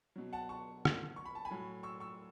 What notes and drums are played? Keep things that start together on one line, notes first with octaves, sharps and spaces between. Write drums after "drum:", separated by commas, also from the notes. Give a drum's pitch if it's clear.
B2 F#3
F#5 A5
A5 C#6
drum: rim click
C#6
B5
A5
G#5 B5
A2 F#3
C#6 E6
C#6 E6